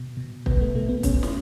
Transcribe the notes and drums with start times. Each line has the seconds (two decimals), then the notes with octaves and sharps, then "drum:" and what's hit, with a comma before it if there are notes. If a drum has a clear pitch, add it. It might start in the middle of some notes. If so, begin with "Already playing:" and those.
Already playing: B2
0.17 B2
0.46 B2 B3, drum: kick
0.61 A3
0.75 B2 A3
0.89 B3
1.03 B2 C#4, drum: kick, hi-hat
1.23 drum: snare